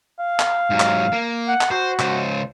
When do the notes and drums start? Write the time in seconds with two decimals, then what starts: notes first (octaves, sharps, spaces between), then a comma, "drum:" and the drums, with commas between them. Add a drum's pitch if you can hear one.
0.19 F5
0.39 drum: clap
0.70 G#2 F#3
0.80 drum: clap
1.12 A#3
1.48 F#5
1.61 drum: clap
1.71 F#4 C5
1.99 C#2 C5, drum: clap